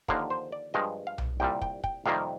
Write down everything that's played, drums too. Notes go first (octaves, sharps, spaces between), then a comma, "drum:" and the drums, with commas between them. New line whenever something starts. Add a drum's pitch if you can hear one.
D#2 D3 F3 A#3 F5, drum: kick
C5
D5
G2 F3 G#3 D#5
F5
drum: tom B1
C2 A#2 G3 G5
G5, drum: kick
G5, drum: kick
F2 C3 D#3 G3 A#3 F5